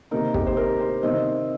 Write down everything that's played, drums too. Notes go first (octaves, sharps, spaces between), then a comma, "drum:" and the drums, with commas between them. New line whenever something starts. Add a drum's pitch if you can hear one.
C3 D#3 A#3 D#4 A#4
G4, drum: kick
C5
A#4
C5
C3 D#3 G3 C4 D#5